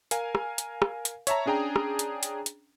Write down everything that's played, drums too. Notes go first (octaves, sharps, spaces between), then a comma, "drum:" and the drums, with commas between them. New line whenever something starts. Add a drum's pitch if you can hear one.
A#4 F5 G#5, drum: hi-hat
drum: rim click
drum: hi-hat
drum: rim click
drum: hi-hat
C#5 E5 A5 A#5, drum: hi-hat
C#4 D4 G#4 G5 A#5
drum: rim click
drum: hi-hat
drum: hi-hat
drum: hi-hat